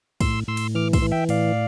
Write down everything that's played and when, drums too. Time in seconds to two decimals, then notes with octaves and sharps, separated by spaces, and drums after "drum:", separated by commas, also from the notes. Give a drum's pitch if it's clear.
0.21 A2 C6 E6, drum: kick, cymbal
0.48 A2 C6 E6
0.57 drum: cymbal
0.75 E3 D6 F6
0.93 C6 E6, drum: kick, cymbal
1.02 E3
1.11 E5 G5
1.29 A2 D5 F5, drum: cymbal